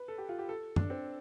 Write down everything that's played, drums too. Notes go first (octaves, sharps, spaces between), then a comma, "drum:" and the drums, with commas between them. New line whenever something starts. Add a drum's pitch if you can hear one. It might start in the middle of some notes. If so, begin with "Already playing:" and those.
Already playing: B4
A4
G4
F4
G4
A4
D4, drum: tom F#2
C4